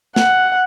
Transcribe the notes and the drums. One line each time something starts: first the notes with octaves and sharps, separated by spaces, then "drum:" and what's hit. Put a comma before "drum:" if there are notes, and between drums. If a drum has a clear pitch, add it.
F#5, drum: snare